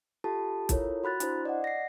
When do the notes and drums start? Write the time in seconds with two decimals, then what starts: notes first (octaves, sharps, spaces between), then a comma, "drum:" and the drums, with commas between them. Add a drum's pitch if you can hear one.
0.24 F4 G4 A4 A5
0.69 E4 F4 A4 A#4 C#5, drum: kick, hi-hat
1.04 F#4 B5 F#6 A6
1.20 D4 E4 C5, drum: hi-hat
1.45 D5 D#5 F#5
1.64 A#6 C7